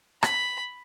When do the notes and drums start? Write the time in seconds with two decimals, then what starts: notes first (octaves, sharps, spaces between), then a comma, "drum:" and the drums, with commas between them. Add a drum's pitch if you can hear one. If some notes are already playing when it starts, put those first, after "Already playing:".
0.23 B5, drum: rim click